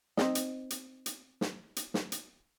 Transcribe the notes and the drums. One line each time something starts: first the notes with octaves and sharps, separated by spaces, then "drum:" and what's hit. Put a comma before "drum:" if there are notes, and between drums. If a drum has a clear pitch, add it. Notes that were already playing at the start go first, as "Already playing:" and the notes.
C4 D#4 D#5, drum: snare
drum: hi-hat
drum: hi-hat
drum: hi-hat
drum: snare
drum: hi-hat
drum: snare
drum: hi-hat